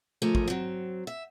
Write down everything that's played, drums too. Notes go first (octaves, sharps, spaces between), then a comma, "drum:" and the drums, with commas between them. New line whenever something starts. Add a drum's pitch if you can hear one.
D3 F3 A3 G#4 A#4
drum: kick
F#3 C4
E5